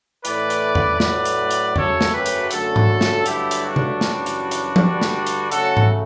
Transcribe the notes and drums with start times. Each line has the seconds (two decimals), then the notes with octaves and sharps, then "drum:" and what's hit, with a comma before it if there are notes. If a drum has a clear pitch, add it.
0.25 A2 E3 A3 B4 D5, drum: hi-hat
0.50 drum: hi-hat
0.75 drum: tom E2
1.00 A2 F#3 A3 B4 D5, drum: snare
1.25 drum: hi-hat
1.51 drum: hi-hat
1.76 F#2 C#3 F#3 A3 A4 C#5, drum: tom E2
2.01 drum: snare
2.13 G4 B4
2.26 drum: hi-hat
2.51 F#2 D3 A3 F#4 A4, drum: hi-hat
2.76 drum: tom G#2
3.01 drum: snare
3.26 G2 D3 F#3 A3 E4 G4, drum: hi-hat
3.51 drum: hi-hat
3.64 D4 F#4
3.76 drum: tom C3
4.01 F#2 C#3 E3 G3, drum: snare
4.26 drum: hi-hat
4.51 drum: hi-hat
4.76 G2 D3 G3, drum: tom F3
5.01 drum: snare
5.27 drum: hi-hat
5.51 C#3 F#3 A3 F#4 A4, drum: hi-hat
5.77 drum: tom G#2